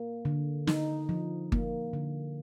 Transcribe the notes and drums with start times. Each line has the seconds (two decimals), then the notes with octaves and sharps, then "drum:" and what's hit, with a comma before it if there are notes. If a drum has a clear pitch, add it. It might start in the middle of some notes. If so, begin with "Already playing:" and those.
Already playing: A#3
0.25 D3
0.67 D#4, drum: snare
1.09 F3
1.52 A#3, drum: kick G1
1.93 D3